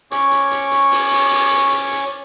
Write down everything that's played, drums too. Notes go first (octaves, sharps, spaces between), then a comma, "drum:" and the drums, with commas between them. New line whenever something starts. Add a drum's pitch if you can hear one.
C#4 C#5 C#6 D6, drum: hi-hat
drum: hi-hat
drum: hi-hat
drum: hi-hat
drum: open hi-hat
drum: open hi-hat
drum: open hi-hat
drum: hi-hat
drum: hi-hat
drum: hi-hat